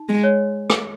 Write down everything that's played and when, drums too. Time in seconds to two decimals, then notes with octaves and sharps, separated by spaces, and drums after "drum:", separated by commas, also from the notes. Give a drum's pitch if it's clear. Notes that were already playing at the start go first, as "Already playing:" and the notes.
Already playing: D#4
0.09 G#3
0.24 C#5
0.70 drum: rim click